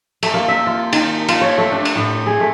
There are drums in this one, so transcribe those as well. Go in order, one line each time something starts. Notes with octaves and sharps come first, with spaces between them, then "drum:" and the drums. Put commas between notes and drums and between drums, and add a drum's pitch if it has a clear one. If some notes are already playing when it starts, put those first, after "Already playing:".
A3, drum: cymbal
A#3
E5
F4
D#3, drum: cymbal
F4, drum: cymbal
C#5
A3
D4
drum: cymbal
A2
G#4
A3